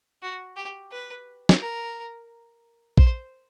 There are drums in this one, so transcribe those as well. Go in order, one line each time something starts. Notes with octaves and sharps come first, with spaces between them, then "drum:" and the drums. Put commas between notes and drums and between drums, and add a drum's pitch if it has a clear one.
F#4
G4
B4
drum: snare
A#4
C5, drum: kick